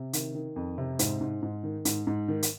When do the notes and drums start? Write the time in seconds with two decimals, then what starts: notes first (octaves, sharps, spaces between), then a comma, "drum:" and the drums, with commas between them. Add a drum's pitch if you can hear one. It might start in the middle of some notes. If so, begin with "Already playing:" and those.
Already playing: C3
0.13 D#3, drum: hi-hat
0.35 D#3
0.56 F2
0.78 C3
0.99 G#2 C4, drum: hi-hat
1.21 G#2
1.42 G#2
1.63 D#3
1.85 G#2, drum: hi-hat
2.07 G#2
2.28 D#3
2.43 drum: hi-hat